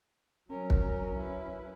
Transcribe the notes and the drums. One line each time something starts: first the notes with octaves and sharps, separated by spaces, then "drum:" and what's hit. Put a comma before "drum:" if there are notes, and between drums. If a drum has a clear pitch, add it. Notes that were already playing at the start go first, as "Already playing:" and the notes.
F#3 C#4 A#4
drum: kick
E4 B4